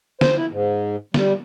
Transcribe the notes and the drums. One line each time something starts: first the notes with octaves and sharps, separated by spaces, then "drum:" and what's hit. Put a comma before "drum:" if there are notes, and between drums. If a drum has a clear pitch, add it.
C5, drum: snare
E4
G#2
G3, drum: snare